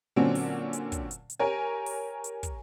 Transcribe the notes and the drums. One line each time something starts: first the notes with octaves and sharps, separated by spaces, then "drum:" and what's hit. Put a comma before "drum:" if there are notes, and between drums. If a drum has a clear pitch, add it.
A#2 D3 F#3 C4 C#4
drum: open hi-hat
drum: hi-hat
drum: kick, hi-hat
drum: hi-hat
drum: hi-hat
G4 A#4 C#5 G#5
drum: open hi-hat
drum: hi-hat
drum: kick, hi-hat